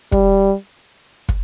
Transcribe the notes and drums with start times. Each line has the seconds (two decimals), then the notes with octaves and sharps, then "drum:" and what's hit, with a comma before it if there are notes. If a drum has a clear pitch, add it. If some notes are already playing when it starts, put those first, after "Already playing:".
0.12 G3, drum: kick
1.29 drum: kick